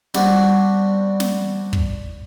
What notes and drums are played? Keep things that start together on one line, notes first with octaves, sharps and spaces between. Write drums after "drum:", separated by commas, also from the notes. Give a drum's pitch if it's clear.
G3 B3 C4 D4 F#4 G4, drum: snare
drum: snare
drum: kick